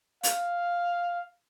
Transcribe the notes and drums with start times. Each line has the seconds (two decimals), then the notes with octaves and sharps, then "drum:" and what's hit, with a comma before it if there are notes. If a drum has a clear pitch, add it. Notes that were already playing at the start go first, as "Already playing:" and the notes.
0.23 F5, drum: hi-hat